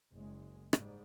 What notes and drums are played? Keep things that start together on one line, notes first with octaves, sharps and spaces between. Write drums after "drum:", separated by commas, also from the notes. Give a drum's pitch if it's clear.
F#1 G#3
G#2 G3, drum: rim click